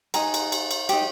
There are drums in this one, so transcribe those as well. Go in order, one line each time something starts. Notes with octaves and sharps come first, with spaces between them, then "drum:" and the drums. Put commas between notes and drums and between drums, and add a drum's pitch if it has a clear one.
D#4 G#5 A#5, drum: cymbal
drum: cymbal
drum: cymbal
drum: cymbal
D#4 G4, drum: cymbal